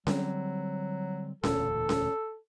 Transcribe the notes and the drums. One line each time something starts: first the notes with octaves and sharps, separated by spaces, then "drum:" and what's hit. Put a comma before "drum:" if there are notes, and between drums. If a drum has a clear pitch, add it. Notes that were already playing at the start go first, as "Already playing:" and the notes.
D3 F#3 G3 C4, drum: snare C#4
E1 D2 A#2 A4, drum: snare C#4
drum: snare C#4